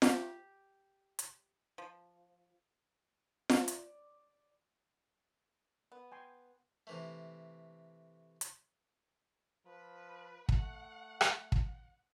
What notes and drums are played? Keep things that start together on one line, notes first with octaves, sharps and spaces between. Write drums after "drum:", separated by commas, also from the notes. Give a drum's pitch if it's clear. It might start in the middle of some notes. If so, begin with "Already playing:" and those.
G4, drum: snare F4
drum: hi-hat
F3
D5, drum: snare F4
drum: hi-hat
B3
G5 G#5 C6
C3 E3 A3
drum: hi-hat
F3 B4
A3 F#5, drum: kick
drum: rim click
drum: kick